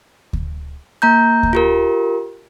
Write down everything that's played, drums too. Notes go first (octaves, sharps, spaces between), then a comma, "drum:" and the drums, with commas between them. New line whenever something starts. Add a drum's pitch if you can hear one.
drum: kick D2
A#3 A#5 G6
drum: kick D2
F4 G4 A#4